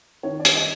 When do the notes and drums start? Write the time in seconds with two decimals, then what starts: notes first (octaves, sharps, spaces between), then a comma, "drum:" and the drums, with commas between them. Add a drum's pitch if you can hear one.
0.23 D#3 C#5
0.40 D5
0.45 G3, drum: hi-hat
0.55 D#5